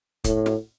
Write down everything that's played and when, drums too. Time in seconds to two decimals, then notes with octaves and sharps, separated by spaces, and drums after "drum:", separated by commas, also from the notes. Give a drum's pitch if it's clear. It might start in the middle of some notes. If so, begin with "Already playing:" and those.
0.24 A2, drum: kick, hi-hat
0.46 drum: snare